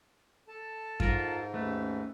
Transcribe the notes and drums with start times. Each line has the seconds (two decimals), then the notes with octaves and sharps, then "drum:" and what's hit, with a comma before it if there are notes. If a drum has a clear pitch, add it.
0.48 A4 A5
1.00 G#2 F4 A#4, drum: kick F#2
1.54 D#2 A3 C#4 B4